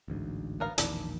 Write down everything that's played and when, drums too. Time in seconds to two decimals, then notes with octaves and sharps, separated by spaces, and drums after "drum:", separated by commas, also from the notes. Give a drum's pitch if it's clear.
0.08 A1 D2 G#2
0.60 B3 A#4 F5
0.78 E1 A#1 D#3 D4 B5, drum: hi-hat